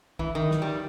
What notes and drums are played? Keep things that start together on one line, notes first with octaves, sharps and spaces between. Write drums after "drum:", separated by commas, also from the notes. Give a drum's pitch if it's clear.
E3, drum: kick
D#3
drum: snare
G3